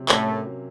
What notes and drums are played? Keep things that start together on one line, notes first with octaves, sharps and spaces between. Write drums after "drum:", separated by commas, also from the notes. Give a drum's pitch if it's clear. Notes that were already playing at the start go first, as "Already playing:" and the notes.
Already playing: C3 F#3
A2 A3 C#4, drum: clap
A#3
F#3